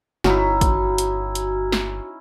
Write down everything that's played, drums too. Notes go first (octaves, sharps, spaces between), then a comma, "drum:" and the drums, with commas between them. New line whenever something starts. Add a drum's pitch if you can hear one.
G1 C#4 D#4 E4 F#4, drum: snare
drum: kick, hi-hat
drum: hi-hat
drum: hi-hat
drum: snare